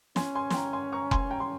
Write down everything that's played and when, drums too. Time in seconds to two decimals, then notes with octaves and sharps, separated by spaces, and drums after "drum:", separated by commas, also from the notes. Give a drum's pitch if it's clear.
0.16 C#4 G#5 C6, drum: snare
0.35 G#5 C6
0.50 C6, drum: snare
0.54 G5 A#5
0.73 G#5 C6
0.92 A#5 C#6
1.11 G#5 C6, drum: kick F1
1.31 G5 A#5
1.40 C6